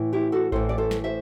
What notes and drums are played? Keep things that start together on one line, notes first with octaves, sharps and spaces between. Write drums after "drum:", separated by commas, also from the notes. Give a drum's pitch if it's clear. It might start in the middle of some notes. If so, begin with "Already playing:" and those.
Already playing: A2 E3
E4 G4
F#4 A4
A2 E3 A4 C5, drum: kick A1
D5
A4 C5
drum: snare
C5 E5